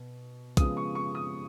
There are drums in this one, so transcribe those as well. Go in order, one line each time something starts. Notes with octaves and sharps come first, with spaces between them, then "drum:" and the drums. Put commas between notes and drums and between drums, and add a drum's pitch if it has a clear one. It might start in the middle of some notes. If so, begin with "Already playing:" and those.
Already playing: B2
C#3 F3 G#3 B3 D#6, drum: kick, hi-hat
C#6
C#6
D#6